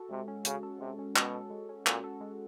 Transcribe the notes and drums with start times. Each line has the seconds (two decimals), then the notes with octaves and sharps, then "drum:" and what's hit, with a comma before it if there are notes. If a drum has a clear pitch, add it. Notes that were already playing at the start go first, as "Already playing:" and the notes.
Already playing: F#4 A4
0.10 C3 G#3
0.28 C#4
0.45 C#3 F#4, drum: hi-hat
0.63 A4
0.80 C3 G#3
0.99 C#4
1.16 B2 F#4, drum: clap
1.34 A4
1.50 G#3
1.69 C#4
1.87 A#2 F#4, drum: clap
2.04 A4
2.21 G#3